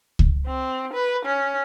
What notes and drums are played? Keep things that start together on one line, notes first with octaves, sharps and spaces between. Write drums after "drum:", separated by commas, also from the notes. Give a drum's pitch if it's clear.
drum: kick C#2
C4
B4
C#4